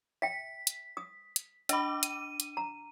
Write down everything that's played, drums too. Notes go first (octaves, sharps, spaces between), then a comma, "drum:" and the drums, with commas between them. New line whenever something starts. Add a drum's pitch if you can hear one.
E5 G5 B6
drum: hi-hat
D#6
drum: hi-hat
D4 D#5 B5 D6, drum: hi-hat
D#7, drum: hi-hat
drum: hi-hat
A#5